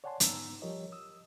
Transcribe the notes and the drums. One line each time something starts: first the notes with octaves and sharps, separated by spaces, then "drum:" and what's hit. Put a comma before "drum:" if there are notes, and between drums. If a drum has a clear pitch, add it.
C#5 D5 F#5 G#5 A5 C6
G#2 D3 B3 D#4 A#5 E6, drum: hi-hat
F3 G3 G4 A#4 C#5 D#5
D#6 E6